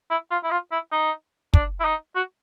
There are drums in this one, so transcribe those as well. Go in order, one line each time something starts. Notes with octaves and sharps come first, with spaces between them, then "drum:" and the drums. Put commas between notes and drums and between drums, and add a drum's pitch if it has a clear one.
E4
F4
E4
F4
E4
D#4
D4, drum: kick
E4
D#4
F#4